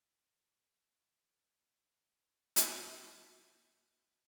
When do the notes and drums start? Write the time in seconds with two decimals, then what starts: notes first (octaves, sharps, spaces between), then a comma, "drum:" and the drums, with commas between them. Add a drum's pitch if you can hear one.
0.11 B3
0.25 C#4
0.39 B3
1.08 B3
1.56 G#3
1.97 C#3
2.04 E3
2.56 drum: hi-hat
2.92 B3
3.00 G#3
3.25 C#4
3.98 B3